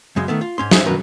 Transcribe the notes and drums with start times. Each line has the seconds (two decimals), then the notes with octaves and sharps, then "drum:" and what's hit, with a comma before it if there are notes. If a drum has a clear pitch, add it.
0.16 F#2 C#3 G#3
0.28 D#3 A3 B3
0.41 F4
0.58 G#2 C#4 C6
0.71 D#4 G4 G#4 C5 C#5 E5, drum: snare
0.85 F#2 B2 D#3 A#4 B4 A#5